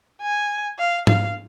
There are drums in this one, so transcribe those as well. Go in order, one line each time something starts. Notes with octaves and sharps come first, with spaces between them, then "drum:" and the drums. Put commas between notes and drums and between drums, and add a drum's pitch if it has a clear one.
G#5
F5
F5, drum: tom G#2